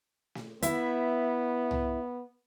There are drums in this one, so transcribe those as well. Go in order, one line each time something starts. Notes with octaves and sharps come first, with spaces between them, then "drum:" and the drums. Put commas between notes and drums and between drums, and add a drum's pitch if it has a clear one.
drum: snare
B3 E4 E5, drum: hi-hat
drum: tom C2